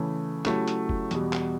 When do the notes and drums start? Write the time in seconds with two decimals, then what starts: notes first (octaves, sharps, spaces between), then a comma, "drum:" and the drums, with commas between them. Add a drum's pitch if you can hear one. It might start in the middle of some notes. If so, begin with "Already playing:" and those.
Already playing: C#3 E3 A3
0.45 C#3 F#3 A3 E4 G4, drum: clap
0.68 drum: hi-hat
0.89 drum: kick
1.11 E2 B2 G3, drum: hi-hat
1.33 drum: clap